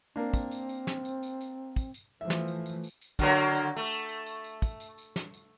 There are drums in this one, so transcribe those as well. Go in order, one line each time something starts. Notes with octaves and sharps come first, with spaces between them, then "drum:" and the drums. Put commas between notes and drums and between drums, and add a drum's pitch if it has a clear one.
A#3 C4 D4
drum: kick, tambourine
drum: tambourine
drum: tambourine
drum: snare
drum: tambourine
drum: tambourine
drum: tambourine
drum: kick, tambourine
drum: tambourine
E3 F3 A3 E5
drum: snare
drum: tambourine
drum: tambourine
drum: tambourine
drum: tambourine
D3 F#3 A#3, drum: kick, tambourine
drum: tambourine
drum: tambourine
A3
drum: tambourine
drum: tambourine
drum: tambourine
drum: tambourine
drum: kick, tambourine
drum: tambourine
drum: tambourine
drum: snare
drum: tambourine